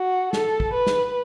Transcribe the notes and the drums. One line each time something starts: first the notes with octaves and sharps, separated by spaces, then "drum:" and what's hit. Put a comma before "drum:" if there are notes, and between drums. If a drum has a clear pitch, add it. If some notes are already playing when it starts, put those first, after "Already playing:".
Already playing: F#4
A4, drum: snare
drum: kick
B4
drum: snare